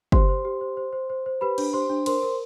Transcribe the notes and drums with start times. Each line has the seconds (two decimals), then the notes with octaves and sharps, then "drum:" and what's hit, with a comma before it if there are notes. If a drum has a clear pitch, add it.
0.12 G4 C5 C6, drum: kick
0.29 C5
0.45 G4
0.61 C5
0.77 C5
0.93 C5
1.10 C5
1.26 C5
1.41 G4 B4 B5
1.58 D4, drum: cymbal
1.73 G4 C5 C6
1.90 D4
2.06 A#4 C5 C6, drum: cymbal
2.23 A#4